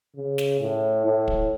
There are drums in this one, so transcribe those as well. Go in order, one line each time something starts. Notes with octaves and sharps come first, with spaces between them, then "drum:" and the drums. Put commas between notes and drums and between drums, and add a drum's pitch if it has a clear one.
C#3
drum: snare
A2
A2
drum: kick